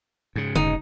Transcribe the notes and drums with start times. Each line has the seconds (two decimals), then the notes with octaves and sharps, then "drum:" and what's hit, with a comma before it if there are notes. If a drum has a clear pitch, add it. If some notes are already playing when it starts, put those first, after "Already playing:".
0.36 G#2 C#3
0.56 F1 D#4, drum: tom D3